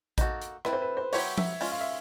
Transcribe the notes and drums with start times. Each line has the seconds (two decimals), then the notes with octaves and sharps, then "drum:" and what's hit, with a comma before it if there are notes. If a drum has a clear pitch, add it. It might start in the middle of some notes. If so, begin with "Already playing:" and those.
0.18 A#3 D#4 F#4 A4, drum: kick A1, hi-hat
0.42 drum: hi-hat
0.65 C4 E4 A4 B4, drum: rim click
0.73 C5
0.82 B4
0.97 C5
1.13 F#3 B3 E4 G4 C5 C#5, drum: open hi-hat
1.38 E5, drum: tom
1.61 G#3 C#4 F4, drum: open hi-hat
1.71 F5
1.81 E5